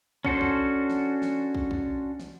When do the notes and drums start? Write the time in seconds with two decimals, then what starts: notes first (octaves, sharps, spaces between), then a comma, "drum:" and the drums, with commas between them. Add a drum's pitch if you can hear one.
0.25 C#4 D4 F#4 A4 C5, drum: kick
0.41 drum: kick
0.90 drum: snare
1.22 drum: snare
1.55 drum: kick
1.71 drum: kick
2.20 drum: snare